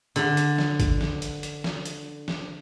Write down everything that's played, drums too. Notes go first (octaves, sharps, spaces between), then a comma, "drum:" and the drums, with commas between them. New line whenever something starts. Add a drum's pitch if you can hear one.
D3, drum: hi-hat
drum: hi-hat
drum: snare
drum: kick G#1, hi-hat
drum: snare
drum: hi-hat
drum: hi-hat
drum: snare
drum: hi-hat
drum: snare